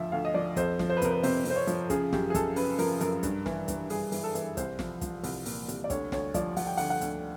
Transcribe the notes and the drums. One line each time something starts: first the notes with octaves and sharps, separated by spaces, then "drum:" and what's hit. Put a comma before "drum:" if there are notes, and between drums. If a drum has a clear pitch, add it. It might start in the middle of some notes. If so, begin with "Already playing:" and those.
Already playing: D2 F3 E5 F5
D2 F5
D#5
F3 D5
F2 C5, drum: kick, hi-hat
F3, drum: snare
C5
B4
C3 A#4, drum: kick, hi-hat
B4
C3 C5, drum: open hi-hat
C3 C5, drum: open hi-hat
C#5
F3, drum: hi-hat
C#3 G#4, drum: kick, hi-hat
F#2 G4, drum: snare
G#4
F#2 A4, drum: kick, hi-hat
C#3 B4, drum: open hi-hat
F3 A#4, drum: open hi-hat
F#2 A#4, drum: hi-hat
G2, drum: kick, hi-hat
E3, drum: snare
E3, drum: kick, hi-hat
G2 G#4, drum: open hi-hat
E3, drum: open hi-hat
A4
E3, drum: hi-hat
C2 C5, drum: kick, hi-hat
F3, drum: snare
F3, drum: kick, hi-hat
C2, drum: open hi-hat
A#2, drum: open hi-hat
C2, drum: hi-hat
D5
D2 C#5, drum: kick, hi-hat
D2 C#5, drum: snare
F3 D5, drum: kick, hi-hat
F3 F#5, drum: open hi-hat
G5
D3 F#5, drum: open hi-hat
F#5
D2, drum: hi-hat